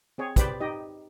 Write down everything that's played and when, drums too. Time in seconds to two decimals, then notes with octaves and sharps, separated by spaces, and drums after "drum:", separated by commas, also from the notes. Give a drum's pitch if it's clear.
0.18 C4 G#4 C#5
0.36 G4 B4 C5 D5 B5, drum: kick, hi-hat
0.60 D#4 G4 D#5